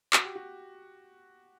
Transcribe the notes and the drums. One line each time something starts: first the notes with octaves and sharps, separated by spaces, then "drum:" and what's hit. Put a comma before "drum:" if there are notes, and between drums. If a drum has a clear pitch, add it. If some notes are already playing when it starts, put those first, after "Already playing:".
F#4, drum: clap
G4
F#4